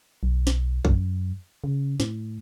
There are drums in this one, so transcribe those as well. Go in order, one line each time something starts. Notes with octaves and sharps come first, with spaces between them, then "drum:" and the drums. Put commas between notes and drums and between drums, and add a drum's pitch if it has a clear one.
B1
drum: snare
F#2, drum: kick A1
C#3
A2, drum: snare